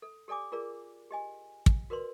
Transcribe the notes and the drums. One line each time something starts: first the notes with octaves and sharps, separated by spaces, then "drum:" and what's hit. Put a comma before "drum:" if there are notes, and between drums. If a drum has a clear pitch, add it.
A4
G4 A4 D5 G#5 D6
F4 G#4 A#4 D5
G4 D#5 G#5
drum: kick
F#4 A#4 B4 D5 C6